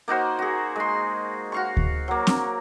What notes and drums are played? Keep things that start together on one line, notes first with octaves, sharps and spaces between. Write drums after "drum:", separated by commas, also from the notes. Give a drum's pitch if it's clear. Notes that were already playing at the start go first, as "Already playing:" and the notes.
A#3 D#4 F#4 C5
F#4 G#4
G#3 C6
F#4 F5 C#6
drum: kick D2
F#3 A#3
drum: snare C4